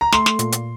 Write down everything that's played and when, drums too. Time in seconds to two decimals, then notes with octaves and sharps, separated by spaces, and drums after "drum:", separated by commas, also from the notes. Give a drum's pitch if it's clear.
0.01 A#5
0.12 A3 C6, drum: snare
0.26 drum: snare
0.39 A#2, drum: hi-hat
0.52 drum: hi-hat